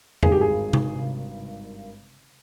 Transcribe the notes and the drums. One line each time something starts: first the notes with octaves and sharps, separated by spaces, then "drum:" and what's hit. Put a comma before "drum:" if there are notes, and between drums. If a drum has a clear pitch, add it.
G#1 G2 D#3 G#4, drum: tom E2
G4
G#4
drum: tom C3